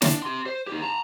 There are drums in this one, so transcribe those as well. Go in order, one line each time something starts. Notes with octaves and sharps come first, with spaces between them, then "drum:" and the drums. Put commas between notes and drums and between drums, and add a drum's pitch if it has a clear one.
D4, drum: snare
G4 C6
C5
D#4 G4
A5 A#5